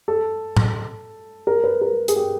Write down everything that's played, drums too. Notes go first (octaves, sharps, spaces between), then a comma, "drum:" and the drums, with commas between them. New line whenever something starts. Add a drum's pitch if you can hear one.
A4
drum: tom A2
A#4
B4
A#4
G#4, drum: hi-hat
G4